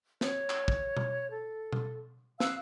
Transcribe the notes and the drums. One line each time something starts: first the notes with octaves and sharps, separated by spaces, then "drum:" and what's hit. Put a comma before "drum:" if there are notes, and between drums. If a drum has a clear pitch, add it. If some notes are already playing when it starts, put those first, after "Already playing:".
C#5, drum: snare
drum: clap
drum: kick
drum: tom B2
A4
drum: tom B2
F5 E6 F#6, drum: snare